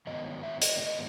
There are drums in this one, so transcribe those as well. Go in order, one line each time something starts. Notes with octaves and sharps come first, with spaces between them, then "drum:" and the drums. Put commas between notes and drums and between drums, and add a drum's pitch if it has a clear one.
G#2 D#3 F#3 B3 D#5
E5
D#5, drum: hi-hat
D#5